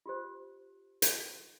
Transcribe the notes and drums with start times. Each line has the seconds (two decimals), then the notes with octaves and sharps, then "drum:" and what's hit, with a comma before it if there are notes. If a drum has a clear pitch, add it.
0.06 F4 G4 C5
1.02 drum: hi-hat